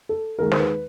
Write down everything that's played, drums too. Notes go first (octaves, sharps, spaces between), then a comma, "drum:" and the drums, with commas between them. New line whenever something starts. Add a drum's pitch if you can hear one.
A4
D#2 D#3 G#3 A#4
C5, drum: snare
B4